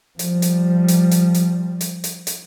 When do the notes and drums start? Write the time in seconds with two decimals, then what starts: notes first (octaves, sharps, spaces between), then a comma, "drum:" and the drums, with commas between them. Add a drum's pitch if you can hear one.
0.19 F3 G3, drum: hi-hat
0.42 drum: hi-hat
0.88 drum: hi-hat
1.11 drum: hi-hat
1.34 drum: hi-hat
1.81 drum: hi-hat
2.04 drum: hi-hat
2.27 drum: hi-hat